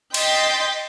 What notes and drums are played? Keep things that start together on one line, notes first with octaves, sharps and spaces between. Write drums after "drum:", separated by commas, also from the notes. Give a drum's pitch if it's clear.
D#5 G5 C6 G6 A6 B6, drum: cymbal